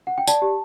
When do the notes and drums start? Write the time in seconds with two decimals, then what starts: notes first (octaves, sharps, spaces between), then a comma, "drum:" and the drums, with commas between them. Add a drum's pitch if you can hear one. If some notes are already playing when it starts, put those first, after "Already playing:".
0.07 F#5
0.18 G5
0.27 D5 A5, drum: tambourine
0.42 G4